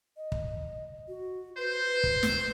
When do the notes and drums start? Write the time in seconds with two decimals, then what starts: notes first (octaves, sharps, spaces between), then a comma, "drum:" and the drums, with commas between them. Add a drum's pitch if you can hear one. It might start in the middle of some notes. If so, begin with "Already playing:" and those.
0.17 D#5
0.32 drum: kick
1.08 F#4
1.57 B4 C5
2.04 drum: kick
2.23 drum: snare